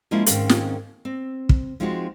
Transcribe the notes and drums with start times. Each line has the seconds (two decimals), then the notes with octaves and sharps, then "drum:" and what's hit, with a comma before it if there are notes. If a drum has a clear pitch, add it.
0.11 F3 G#3 A#3 C#4 E4 F4
0.26 G#2 D#3 C4 C#4 A#4 F5, drum: hi-hat
0.49 drum: snare
1.05 C4
1.49 drum: kick
1.80 F3 G#3 C4 D#4 F4 F#4